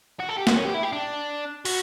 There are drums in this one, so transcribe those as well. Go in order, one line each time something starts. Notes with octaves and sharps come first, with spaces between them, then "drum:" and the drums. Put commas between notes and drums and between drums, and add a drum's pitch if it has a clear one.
F#4
A4
G4
F#4, drum: snare
C#4
G4
E4
G4
D4
F#4, drum: open hi-hat